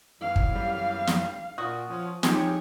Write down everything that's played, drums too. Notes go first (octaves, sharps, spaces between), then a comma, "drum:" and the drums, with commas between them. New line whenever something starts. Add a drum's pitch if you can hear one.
F#2 E3 F#3 F5
drum: kick
G3
drum: snare
A#2 F#4 D#6
F3 C#4
F3 G#3 C4 D#4 G4 C#5, drum: snare